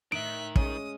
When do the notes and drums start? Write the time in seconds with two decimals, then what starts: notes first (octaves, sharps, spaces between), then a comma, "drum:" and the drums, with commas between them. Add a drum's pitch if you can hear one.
0.12 A2 D#3 E5 F#6 D7
0.56 G#3 C#4 D#6, drum: kick